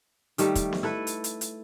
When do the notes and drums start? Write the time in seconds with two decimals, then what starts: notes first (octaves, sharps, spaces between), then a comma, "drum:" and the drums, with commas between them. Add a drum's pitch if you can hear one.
0.38 D#3 G3 A3, drum: hi-hat
0.55 drum: kick, hi-hat
0.73 drum: snare B3
0.83 E4 A4 B4
1.07 drum: hi-hat
1.24 drum: hi-hat
1.41 drum: hi-hat